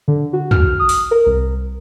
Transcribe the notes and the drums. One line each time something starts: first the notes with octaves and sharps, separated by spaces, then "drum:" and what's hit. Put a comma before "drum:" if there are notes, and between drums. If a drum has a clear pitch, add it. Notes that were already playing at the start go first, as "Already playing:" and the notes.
D3
F#4
F6, drum: tom
D#6
drum: open hi-hat
A#4
C2